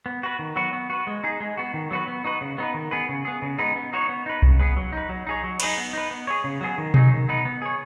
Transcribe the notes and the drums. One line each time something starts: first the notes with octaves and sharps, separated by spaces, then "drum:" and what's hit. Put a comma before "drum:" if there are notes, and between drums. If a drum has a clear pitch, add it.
B3
F#4 B4
D#3
F#3 B3 F#4 B4
B3
F#4 B4
G#3
D#4 G#4
G#3
B3 F#4
D#3
F#3 B3 F#4 B4
B3
D#4 F#4 B4
C#3
B3 D#4 B4
D#3
B3 G#4 B4
C#3
B3 G#4
C#3
G#3 B3 D#4 B4
B3
D#4 F#4 C#5
B3
D#4 B4
C#3, drum: kick C2
B3 G#4 B4
F#3
D#4 B4
F#3
D#4 G#4 C#5
F#3
D#4 G#4 B4, drum: cymbal
B3
D#4 B4
B3
G#4 C#5
C#3
F#3 B3 G#4
D#3
F#3 D#4 G#4, drum: tom B2
D#3
B3 D#4 B4
B3
G#4 C#5